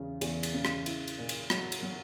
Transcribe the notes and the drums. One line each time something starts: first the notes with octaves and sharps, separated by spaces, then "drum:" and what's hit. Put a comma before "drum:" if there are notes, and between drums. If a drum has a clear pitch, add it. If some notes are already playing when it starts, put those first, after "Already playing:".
Already playing: E2 C#3
E2, drum: cymbal
drum: cymbal
C#3
drum: rim click
E4, drum: cymbal
drum: cymbal
A#2
drum: cymbal
F#3, drum: rim click
drum: cymbal
F#3